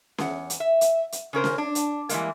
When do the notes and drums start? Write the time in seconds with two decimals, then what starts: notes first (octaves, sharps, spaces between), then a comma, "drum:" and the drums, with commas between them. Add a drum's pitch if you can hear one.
0.18 E2 F#5, drum: snare C#4
0.50 drum: hi-hat
0.60 E5
0.81 drum: hi-hat
1.12 drum: hi-hat
1.33 C#3 C#4 A#4 C5
1.44 drum: snare C#4
1.58 D4
1.75 drum: hi-hat
2.09 E3 G3 G#3 A#3, drum: hi-hat